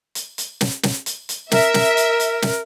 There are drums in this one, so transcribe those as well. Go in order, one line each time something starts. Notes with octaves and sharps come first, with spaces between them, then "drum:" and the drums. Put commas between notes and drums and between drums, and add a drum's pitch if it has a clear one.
drum: hi-hat
drum: hi-hat
drum: snare
drum: snare
drum: hi-hat
drum: hi-hat
A#4 E5, drum: snare
drum: snare
drum: hi-hat
drum: hi-hat
drum: snare